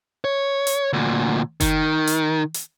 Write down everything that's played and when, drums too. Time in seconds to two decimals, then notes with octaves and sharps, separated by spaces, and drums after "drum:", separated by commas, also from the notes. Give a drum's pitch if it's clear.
0.24 C#5
0.67 drum: hi-hat
0.93 D2 A#2
1.60 D#3, drum: kick F#1, hi-hat
2.07 drum: hi-hat
2.54 drum: hi-hat